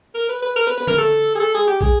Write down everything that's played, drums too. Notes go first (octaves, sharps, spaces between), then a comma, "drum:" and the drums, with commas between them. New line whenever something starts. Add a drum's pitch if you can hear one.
A#4
B4
B4
A#4
B4
B4
A#4, drum: tom D3
A4
G#4
A4
G#4
G4
G#4, drum: kick